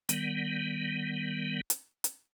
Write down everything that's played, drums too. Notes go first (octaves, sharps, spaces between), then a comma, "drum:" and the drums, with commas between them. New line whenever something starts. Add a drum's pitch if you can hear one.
D#3 G3 B3, drum: hi-hat
drum: hi-hat
drum: hi-hat